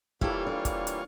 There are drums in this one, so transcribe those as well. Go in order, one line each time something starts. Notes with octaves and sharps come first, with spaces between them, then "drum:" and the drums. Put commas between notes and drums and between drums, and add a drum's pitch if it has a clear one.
E3 G3 A#3 E4 F4 G4 A4 C#5, drum: kick
D4
drum: kick, hi-hat
drum: hi-hat